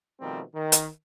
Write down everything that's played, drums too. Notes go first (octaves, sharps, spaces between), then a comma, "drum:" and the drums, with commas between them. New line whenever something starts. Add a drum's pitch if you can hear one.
B2 D#3 F3 G3 A3 C4
D#3
drum: hi-hat